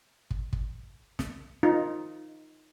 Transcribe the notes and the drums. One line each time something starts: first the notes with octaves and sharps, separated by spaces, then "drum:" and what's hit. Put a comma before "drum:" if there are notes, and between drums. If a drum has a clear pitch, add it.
drum: kick
drum: kick
drum: snare
D#4 F4